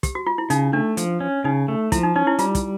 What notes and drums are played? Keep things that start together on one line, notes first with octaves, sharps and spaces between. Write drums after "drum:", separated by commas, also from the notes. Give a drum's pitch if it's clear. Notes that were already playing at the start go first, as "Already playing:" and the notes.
G4, drum: kick, hi-hat
F#4
F4
E4
C#3 D#4, drum: hi-hat
A3 D4
F3, drum: hi-hat
C#4
C#3 D#4
A3
F3 E4, drum: kick, hi-hat
D#4
C#4 D#4
E4
G3 F4, drum: hi-hat
drum: kick, hi-hat